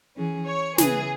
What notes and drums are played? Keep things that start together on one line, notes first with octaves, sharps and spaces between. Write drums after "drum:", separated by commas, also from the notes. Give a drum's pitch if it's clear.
E3 C#4 G#4
C#5
C#3 E3 B3 G#4, drum: snare